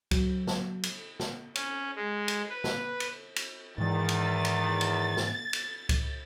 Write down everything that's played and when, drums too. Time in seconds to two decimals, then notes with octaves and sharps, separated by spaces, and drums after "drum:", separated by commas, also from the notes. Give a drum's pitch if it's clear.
0.11 F#3, drum: kick C#2, cymbal
0.47 drum: snare
0.83 drum: cymbal
1.20 drum: snare
1.55 C#4, drum: cymbal
1.96 G#3
2.28 drum: cymbal
2.49 B4
2.64 drum: snare
3.00 drum: cymbal
3.36 drum: cymbal
3.78 E2 G#2 D#3 E3 A6
4.09 drum: cymbal
4.45 drum: cymbal
4.81 drum: cymbal
5.17 drum: snare
5.53 drum: cymbal
5.89 drum: kick C#2, cymbal